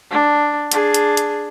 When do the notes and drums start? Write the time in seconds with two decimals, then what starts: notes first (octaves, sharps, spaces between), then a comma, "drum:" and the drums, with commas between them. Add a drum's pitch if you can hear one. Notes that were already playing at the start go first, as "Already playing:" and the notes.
0.11 D4
0.72 D4 G#4, drum: hi-hat
0.94 drum: hi-hat
1.17 drum: hi-hat